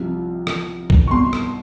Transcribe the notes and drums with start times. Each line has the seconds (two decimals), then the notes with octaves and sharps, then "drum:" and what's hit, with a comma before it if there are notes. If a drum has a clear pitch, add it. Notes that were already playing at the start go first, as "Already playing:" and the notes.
Already playing: C2 C3 F3
0.47 drum: rim click
0.90 drum: kick B1
1.08 C#6
1.11 C2 B2 C6
1.33 drum: rim click